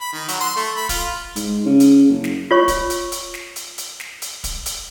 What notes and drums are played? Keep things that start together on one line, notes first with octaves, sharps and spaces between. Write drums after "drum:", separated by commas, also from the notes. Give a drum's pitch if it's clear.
B5
D#3
F#3, drum: hi-hat
C6
A3
B5
F4, drum: kick, hi-hat
G#2, drum: hi-hat
C#3
drum: hi-hat
F#1
drum: snare
F4 C#5 C#6
drum: kick, hi-hat
drum: hi-hat
drum: hi-hat
drum: snare
drum: hi-hat
drum: hi-hat
drum: snare
drum: hi-hat
drum: kick, hi-hat
drum: hi-hat